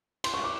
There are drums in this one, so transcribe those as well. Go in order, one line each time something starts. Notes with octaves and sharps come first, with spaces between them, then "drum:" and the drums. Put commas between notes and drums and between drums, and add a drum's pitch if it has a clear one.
C6, drum: cymbal
C#6
D6